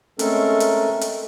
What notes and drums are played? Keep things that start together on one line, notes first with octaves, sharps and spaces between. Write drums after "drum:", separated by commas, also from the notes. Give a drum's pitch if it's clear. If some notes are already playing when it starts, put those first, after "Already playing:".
G#3 A3 C4 C#4 A4 A#4, drum: hi-hat
drum: hi-hat
drum: hi-hat